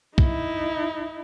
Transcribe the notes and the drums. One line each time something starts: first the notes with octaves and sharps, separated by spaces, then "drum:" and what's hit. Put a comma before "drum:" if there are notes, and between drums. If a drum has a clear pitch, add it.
D#4 E4, drum: kick